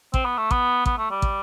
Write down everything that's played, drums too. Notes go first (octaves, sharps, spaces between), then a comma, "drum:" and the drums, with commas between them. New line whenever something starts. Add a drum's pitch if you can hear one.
C4, drum: kick
B3
A3
B3, drum: kick
B3, drum: kick
A3
G3
drum: kick